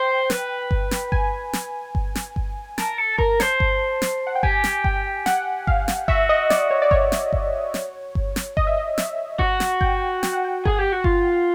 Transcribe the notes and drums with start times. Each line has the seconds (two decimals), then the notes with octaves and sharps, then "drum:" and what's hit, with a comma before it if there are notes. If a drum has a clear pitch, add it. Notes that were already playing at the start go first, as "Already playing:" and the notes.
Already playing: C5 G5
0.30 B4, drum: snare
0.71 drum: kick G1
0.91 drum: snare
1.12 G#5, drum: kick G1
1.53 drum: snare
1.95 drum: kick G1
2.15 drum: snare
2.36 drum: kick G1
2.78 A#4 A5, drum: snare
2.98 A4
3.18 A#4, drum: kick G1
3.40 C5, drum: snare
3.60 drum: kick G1
4.02 drum: snare
4.27 F#5
4.35 G5
4.43 G4 G#5, drum: kick G1
4.64 drum: snare
4.84 G5, drum: kick G1
5.26 F#5, drum: snare
5.67 F5, drum: kick G1
5.88 drum: snare
6.08 F#4 E5, drum: kick G1
6.29 D#5
6.50 D5, drum: snare
6.71 C#5
6.82 D5
6.91 C#5, drum: kick G1
7.12 drum: snare
7.33 drum: kick G1
7.74 drum: snare
8.15 drum: kick G1
8.36 drum: snare
8.57 D#5, drum: kick G1
8.67 E5
8.77 D#5
8.98 E5, drum: snare
9.39 F#4 F#5, drum: kick G1
9.60 drum: snare
9.81 G5, drum: kick G1
10.23 G5, drum: snare
10.33 F#5
10.45 G5
10.65 G#4, drum: kick G1
10.79 G4
10.92 F#4
11.04 F4, drum: kick G1